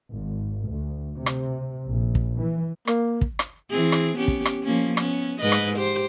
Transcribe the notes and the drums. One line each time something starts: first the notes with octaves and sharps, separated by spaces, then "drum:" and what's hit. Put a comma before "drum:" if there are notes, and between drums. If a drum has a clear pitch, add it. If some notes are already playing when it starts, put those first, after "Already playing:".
G#1
D2
C3
drum: rim click
A#1
drum: kick
E3
A#3, drum: rim click
drum: kick
drum: rim click
E3 C4 G#4
drum: rim click
B3 C#4 G4
drum: kick
drum: rim click
F3 A#3 C#4
B3 C#4, drum: rim click
G#2 B4 D#5
drum: rim click
G4 C5